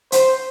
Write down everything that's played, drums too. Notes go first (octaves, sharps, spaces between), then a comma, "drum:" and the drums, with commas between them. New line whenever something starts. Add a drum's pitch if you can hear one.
C5, drum: hi-hat